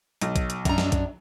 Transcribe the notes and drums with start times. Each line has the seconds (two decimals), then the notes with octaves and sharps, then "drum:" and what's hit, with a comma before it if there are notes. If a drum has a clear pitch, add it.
0.21 B1, drum: hi-hat
0.36 drum: kick A#1, hi-hat
0.50 drum: hi-hat
0.65 F#2 D4 A#5, drum: kick A#1, hi-hat
0.78 drum: snare
0.92 drum: kick A#1, hi-hat